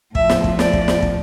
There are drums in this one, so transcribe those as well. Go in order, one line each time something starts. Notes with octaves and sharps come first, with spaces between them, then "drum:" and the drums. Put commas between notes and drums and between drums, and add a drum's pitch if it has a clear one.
A2 F3 E5, drum: kick
drum: snare
drum: kick
D5, drum: snare
drum: kick
drum: snare
drum: kick